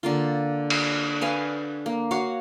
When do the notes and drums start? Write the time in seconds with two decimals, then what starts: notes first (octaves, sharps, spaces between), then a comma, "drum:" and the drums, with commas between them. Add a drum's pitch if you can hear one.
0.03 D3 A#3 F4
0.70 drum: cymbal
1.22 B4 F5 G#5
1.86 A#3
2.11 F#4 C#5 F5 F#5